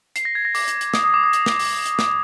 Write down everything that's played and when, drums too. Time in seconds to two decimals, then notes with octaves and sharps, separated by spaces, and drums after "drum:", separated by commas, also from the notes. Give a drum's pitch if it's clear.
0.16 C7, drum: hi-hat
0.25 A#6
0.35 G#6
0.45 A#6
0.55 D6, drum: open hi-hat
0.68 drum: hi-hat
0.81 drum: hi-hat
0.94 D#6, drum: snare
1.04 D#6
1.14 D6
1.24 D#6
1.33 drum: hi-hat
1.46 drum: snare
1.59 drum: open hi-hat
1.86 drum: hi-hat
1.99 drum: snare